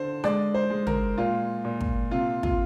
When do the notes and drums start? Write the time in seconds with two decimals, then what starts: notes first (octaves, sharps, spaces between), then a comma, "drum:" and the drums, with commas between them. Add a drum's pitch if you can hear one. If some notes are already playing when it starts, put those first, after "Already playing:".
Already playing: D3 C5
0.24 G#3 D5, drum: rim click
0.54 C5
0.70 G#3
0.87 A#4, drum: tom
1.18 A#2 F4
1.65 A#2
1.81 drum: kick
2.11 C3 F4
2.43 F4, drum: kick